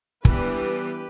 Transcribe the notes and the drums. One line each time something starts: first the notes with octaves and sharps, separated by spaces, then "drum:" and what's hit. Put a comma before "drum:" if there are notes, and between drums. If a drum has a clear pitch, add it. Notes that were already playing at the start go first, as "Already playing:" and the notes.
E3 G3 B3 D4 G4 B4, drum: kick